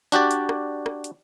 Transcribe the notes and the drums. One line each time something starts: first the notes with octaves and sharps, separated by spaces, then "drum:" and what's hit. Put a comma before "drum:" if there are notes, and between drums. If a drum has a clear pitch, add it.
D4 F#4 G4 D5, drum: hi-hat
drum: hi-hat
drum: rim click
drum: rim click
drum: hi-hat